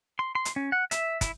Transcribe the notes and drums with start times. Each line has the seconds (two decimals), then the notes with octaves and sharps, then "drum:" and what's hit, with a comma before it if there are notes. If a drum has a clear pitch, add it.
0.19 C6
0.35 C6
0.45 drum: hi-hat
0.56 C#4
0.72 F#5
0.91 E5, drum: hi-hat
1.21 E4, drum: kick, hi-hat